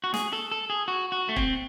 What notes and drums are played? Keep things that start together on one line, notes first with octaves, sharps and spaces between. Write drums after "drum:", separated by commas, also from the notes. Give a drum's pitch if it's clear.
F#4
G#4, drum: snare
A4
A4
G#4
F#4
F#4
A3
C4, drum: kick